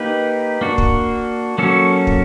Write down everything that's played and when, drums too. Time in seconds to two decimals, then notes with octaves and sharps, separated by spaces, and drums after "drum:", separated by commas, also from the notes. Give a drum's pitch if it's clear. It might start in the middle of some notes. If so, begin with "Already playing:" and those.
Already playing: A#3 D#4 G4 B4
0.61 A#3 D4 F#4
0.78 drum: kick
1.58 F#3 A#3 C#4 F#4 A4
2.07 drum: kick